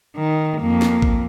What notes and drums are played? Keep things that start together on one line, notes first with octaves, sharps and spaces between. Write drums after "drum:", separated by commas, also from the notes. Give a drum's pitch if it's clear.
D#3
F2 A#3
drum: snare
drum: kick A1